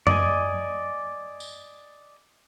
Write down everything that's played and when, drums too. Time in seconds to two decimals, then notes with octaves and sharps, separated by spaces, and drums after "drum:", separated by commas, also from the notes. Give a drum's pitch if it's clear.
0.07 D5 D#5 G#5, drum: tom F#2
1.40 drum: tambourine